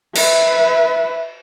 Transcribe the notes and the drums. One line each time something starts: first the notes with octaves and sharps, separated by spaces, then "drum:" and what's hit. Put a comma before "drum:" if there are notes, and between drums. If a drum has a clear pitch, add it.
B4 E5, drum: cymbal